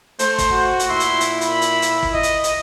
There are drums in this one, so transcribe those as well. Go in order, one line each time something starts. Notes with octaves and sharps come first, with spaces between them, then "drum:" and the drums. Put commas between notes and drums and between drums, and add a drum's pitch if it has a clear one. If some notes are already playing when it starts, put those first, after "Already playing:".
A3 C5, drum: hi-hat
drum: kick, hi-hat
F#4
drum: hi-hat
A#2 E4 C6
drum: hi-hat
drum: hi-hat
B5, drum: hi-hat
drum: hi-hat
drum: hi-hat
drum: kick
D#5
drum: hi-hat
drum: hi-hat